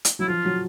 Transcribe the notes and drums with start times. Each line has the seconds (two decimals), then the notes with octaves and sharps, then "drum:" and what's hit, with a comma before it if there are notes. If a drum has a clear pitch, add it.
0.05 drum: hi-hat
0.19 F#3 E4
0.28 F3 F4
0.45 F#3